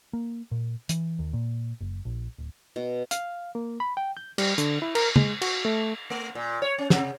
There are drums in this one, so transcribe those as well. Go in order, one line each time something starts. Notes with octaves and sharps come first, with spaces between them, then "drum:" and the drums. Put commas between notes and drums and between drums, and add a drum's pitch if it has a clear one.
A#3
A#2
E3, drum: hi-hat
D#2
A#2
F#1
A#1
D1
B2
F5, drum: hi-hat
A#3
B5
G5
G6
G3, drum: cymbal
D3, drum: hi-hat
E4
A#4, drum: cymbal
G#3, drum: tom
F#4, drum: cymbal
A3
A3
A#2
C#5
C#4
C3, drum: snare